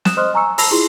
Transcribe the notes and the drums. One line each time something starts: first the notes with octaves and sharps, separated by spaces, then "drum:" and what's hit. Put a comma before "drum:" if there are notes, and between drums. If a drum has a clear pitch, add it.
D#6 F#6 E7, drum: snare
C5 D#5 C6 D#6 F6 F#6
G#5 A#5 C#6 E6 C#7
A5 B5 E6 A#6 F7, drum: open hi-hat
E4 F4 G#4 C6